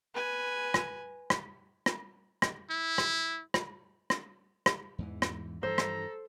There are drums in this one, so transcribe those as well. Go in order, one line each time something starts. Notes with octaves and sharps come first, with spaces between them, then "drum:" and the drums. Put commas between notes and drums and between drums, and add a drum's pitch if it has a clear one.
B4 G#5
drum: rim click
drum: rim click
drum: rim click
drum: rim click
E4
drum: rim click
drum: rim click
drum: rim click
drum: rim click
E2 G#2 E3
drum: rim click
G2 E3 F3 A4 C5 A#5
drum: rim click